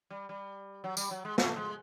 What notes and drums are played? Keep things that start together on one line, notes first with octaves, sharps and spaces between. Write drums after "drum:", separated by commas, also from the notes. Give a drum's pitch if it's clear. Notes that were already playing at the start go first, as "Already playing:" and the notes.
G3
G3
F#3
G3, drum: tambourine
F#3
G#3
A3, drum: snare
G#3